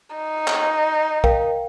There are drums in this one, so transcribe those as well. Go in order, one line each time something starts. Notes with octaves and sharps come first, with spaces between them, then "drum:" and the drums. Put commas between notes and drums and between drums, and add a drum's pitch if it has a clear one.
D#4
drum: clap
A#4 F5 G5, drum: kick